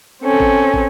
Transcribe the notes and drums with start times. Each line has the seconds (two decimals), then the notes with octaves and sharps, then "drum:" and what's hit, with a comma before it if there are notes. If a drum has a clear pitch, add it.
0.23 C4 C#4 A4
0.40 drum: kick
0.74 drum: kick